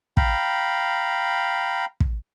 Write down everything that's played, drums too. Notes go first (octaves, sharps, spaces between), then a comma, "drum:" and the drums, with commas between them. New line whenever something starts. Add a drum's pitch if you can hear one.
F5 G5 A#5 B5, drum: kick
drum: kick